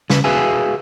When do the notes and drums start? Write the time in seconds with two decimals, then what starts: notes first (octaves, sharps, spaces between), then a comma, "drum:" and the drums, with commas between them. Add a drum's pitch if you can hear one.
0.10 C#3 B4, drum: snare
0.24 F#4 G#4 B4 E5 F5 G#5